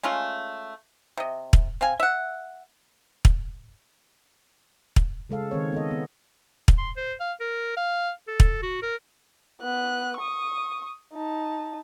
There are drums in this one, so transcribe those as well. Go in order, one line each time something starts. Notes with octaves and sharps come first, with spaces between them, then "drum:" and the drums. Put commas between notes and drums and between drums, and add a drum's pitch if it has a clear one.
G#3 A3 C#4 F4
C3 D#5
drum: kick
C4 F5 G#5
E5 F#5
drum: kick
drum: kick
C#3 G#3 A4 F5
D#3 C4 C#5
B3 A4 D#5
B3
drum: kick
C6
C5
F5
A#4
F5
A4
drum: kick
F#4
A#4
B3 F#6
C#6 D#6
D#4 A5